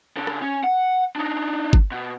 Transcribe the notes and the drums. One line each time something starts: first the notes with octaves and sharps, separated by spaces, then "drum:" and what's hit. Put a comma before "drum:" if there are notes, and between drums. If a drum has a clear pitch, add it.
C#3 D4
drum: rim click
C#4
F#5
D4 D#4
drum: kick G1
B2